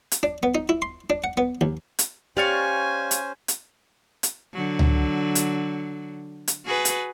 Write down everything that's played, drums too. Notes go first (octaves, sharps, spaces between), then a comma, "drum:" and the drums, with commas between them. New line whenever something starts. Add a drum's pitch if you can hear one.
drum: hi-hat
D4
B3
D#4
E4
C6
D4
F#5
B3
D#2
drum: hi-hat
C#4 G4 C5 D5 F5 G#5 C#6
drum: hi-hat
drum: hi-hat
drum: hi-hat
D3 F#3
drum: tom C#2
drum: hi-hat
drum: hi-hat
F#4 G#4 B4
drum: hi-hat